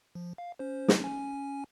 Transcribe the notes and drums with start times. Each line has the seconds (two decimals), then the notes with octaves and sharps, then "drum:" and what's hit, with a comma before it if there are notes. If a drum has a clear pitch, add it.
0.15 F3
0.38 F5
0.59 C#4 C5
0.88 drum: snare
1.00 C#4 G#5